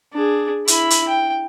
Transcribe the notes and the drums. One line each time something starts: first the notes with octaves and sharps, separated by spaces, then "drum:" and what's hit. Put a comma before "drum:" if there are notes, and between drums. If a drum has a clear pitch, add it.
D4 G#4
E4 B5, drum: hi-hat
drum: hi-hat
G5